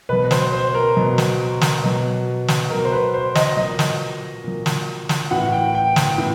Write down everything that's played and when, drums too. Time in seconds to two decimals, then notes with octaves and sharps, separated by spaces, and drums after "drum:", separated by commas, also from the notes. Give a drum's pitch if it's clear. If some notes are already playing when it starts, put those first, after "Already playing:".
0.09 B2 F#3 B4
0.31 C5, drum: snare
0.53 C5
0.75 A#4
0.96 B2 F#3
1.18 drum: snare
1.61 drum: snare
1.83 B2 F#3
2.48 drum: snare
2.70 B2 F#3 A#4
2.85 C5
2.92 B4
3.14 C5
3.35 D#5, drum: snare
3.57 A#2 F#3 D#5
3.79 drum: snare
4.44 A#2 F#3
4.66 drum: snare
5.09 drum: snare
5.31 A2 E3 F#5
5.52 G5
5.75 G5
5.96 G5, drum: snare
6.18 A2 E3